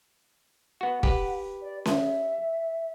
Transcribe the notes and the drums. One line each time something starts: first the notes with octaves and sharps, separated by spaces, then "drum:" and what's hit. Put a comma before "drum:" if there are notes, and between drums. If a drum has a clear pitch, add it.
B3 F#4 F#5
G4 B4, drum: kick
D5
E5, drum: snare C#4